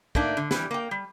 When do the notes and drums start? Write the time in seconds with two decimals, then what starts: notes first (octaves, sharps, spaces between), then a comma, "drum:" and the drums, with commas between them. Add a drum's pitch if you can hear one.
0.15 A3 A#3 D4 D#4, drum: kick
0.37 D3
0.51 E3 G3, drum: snare
0.71 A#3 G5
0.91 G3